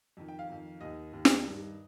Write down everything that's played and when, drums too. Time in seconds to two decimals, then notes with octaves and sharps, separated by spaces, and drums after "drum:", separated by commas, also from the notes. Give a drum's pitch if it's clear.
0.17 F2 D#3
0.28 G5
0.39 F5
0.50 F2 D#3
0.81 D#2 D#3 D#5
1.13 D#2 D#3
1.25 drum: snare
1.45 G2 D#3